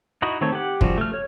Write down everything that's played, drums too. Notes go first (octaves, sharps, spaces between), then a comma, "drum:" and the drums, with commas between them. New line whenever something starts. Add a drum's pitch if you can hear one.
D#4 E4 F#4 D#5 B5
D#3 A3 C4 A4 C#5
G4 F#5
C#3 F3 G3 F#4, drum: kick
A3 F6
C#5